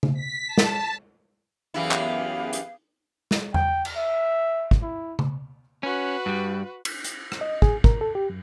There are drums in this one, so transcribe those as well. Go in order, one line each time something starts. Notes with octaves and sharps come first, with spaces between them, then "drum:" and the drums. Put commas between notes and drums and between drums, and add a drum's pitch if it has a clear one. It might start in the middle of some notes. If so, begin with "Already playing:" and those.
drum: tom C#3
B6
A5
drum: snare
F#2 E3 B3 E4 G4 G#4 F5
drum: clap
drum: hi-hat
drum: snare
G5, drum: tom E2
drum: cymbal
E5
drum: kick
E4
drum: tom C#3
C#4 F#4 B4
G2 G3
drum: cymbal
drum: hi-hat
drum: rim click
D#5
G#4, drum: kick
A#4, drum: kick
A4
G4
F#2